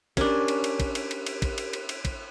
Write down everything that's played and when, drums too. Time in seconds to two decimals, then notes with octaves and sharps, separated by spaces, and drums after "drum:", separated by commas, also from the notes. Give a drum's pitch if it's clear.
0.17 C#4 D4 G4 A#4, drum: kick, cymbal
0.48 drum: cymbal
0.64 drum: cymbal
0.80 drum: kick, cymbal
0.95 drum: cymbal
1.11 drum: cymbal
1.26 drum: cymbal
1.42 drum: kick, cymbal
1.58 drum: cymbal
1.73 drum: cymbal
1.89 drum: cymbal
2.05 drum: kick, cymbal